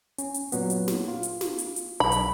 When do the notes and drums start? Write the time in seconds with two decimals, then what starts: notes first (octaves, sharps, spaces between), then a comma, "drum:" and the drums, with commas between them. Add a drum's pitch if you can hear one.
0.18 C#4, drum: hi-hat
0.34 drum: hi-hat
0.52 A#2 F#3 B3, drum: hi-hat
0.70 drum: hi-hat
0.88 drum: snare
1.08 F4
1.23 drum: hi-hat
1.41 drum: snare
1.59 drum: hi-hat
1.76 drum: hi-hat
2.00 B1 B5
2.12 drum: hi-hat